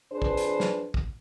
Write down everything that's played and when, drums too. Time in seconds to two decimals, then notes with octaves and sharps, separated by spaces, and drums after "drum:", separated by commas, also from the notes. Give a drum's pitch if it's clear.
0.12 F2 D4 G#4 B4 C5
0.22 drum: kick
0.37 drum: hi-hat
0.60 drum: snare
0.94 drum: kick